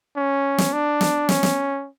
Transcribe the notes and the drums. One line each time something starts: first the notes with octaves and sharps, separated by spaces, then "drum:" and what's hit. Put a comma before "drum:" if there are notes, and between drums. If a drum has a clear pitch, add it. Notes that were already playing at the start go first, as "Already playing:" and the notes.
C#4
drum: snare
D4
drum: snare
C#4, drum: snare
drum: snare